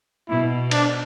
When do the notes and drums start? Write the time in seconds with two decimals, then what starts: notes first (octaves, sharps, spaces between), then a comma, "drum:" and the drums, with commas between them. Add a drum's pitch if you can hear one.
0.29 B2 E4
0.71 D4, drum: cymbal